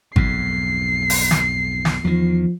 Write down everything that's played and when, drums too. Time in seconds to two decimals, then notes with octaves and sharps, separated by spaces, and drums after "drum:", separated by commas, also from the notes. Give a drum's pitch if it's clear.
0.16 B1 F2 G#2 C7, drum: kick G#1
1.10 drum: open hi-hat
1.31 drum: snare
1.85 drum: snare
2.05 E2 D#3 F3